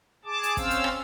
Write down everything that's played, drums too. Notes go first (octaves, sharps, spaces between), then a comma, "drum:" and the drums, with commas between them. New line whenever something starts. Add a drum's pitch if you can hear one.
G#4 A5 D6
drum: hi-hat
C4 C#4 C5 F5 E6, drum: kick, hi-hat
drum: hi-hat
drum: rim click